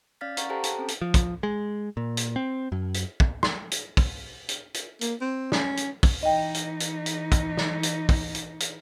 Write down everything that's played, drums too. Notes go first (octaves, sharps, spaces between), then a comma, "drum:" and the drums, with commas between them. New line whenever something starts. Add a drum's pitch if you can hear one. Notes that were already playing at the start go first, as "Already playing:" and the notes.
C#4 D5 F5 F6 A6 B6
F5 F#5 A#5 C#6, drum: hi-hat
G4 A4 C5 G5 A5 A#5
A5, drum: hi-hat
C4 C#4 A4
drum: hi-hat
F3
drum: kick, hi-hat
G#3
A#2
drum: hi-hat
C4
F#2
drum: hi-hat
drum: kick
C6, drum: snare
drum: hi-hat
drum: kick, open hi-hat
drum: hi-hat
drum: hi-hat
A#3, drum: hi-hat
C4
C#4, drum: snare
drum: hi-hat
drum: kick, open hi-hat
E3 D#4 D#5 G5
drum: hi-hat
drum: hi-hat
drum: hi-hat
drum: kick, hi-hat
drum: snare
drum: hi-hat
drum: kick, open hi-hat
drum: hi-hat
drum: hi-hat